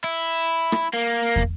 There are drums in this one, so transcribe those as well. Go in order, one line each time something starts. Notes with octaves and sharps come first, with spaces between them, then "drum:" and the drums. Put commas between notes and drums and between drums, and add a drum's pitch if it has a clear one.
E4
drum: rim click
A#3
drum: kick